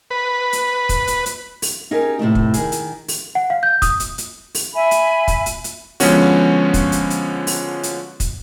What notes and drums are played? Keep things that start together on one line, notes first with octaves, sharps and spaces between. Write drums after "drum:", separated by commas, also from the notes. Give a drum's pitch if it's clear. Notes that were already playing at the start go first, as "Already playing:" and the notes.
B4
drum: hi-hat
drum: kick, hi-hat
drum: hi-hat
drum: hi-hat
drum: open hi-hat
C#4 D#4 G4 G#4 A#4
A2 C3 A3 D#4
drum: kick
D#3 G#4, drum: hi-hat
drum: hi-hat
drum: open hi-hat
F#5
F5
G6
D#6, drum: kick, hi-hat
drum: hi-hat
drum: hi-hat
drum: open hi-hat
E5 G#5 B5
drum: hi-hat
drum: kick, hi-hat
drum: hi-hat
drum: hi-hat
D3 F3 G#3 B3 C#4 F#4, drum: open hi-hat
drum: kick, hi-hat
drum: hi-hat
drum: hi-hat
drum: open hi-hat
drum: hi-hat
drum: kick, hi-hat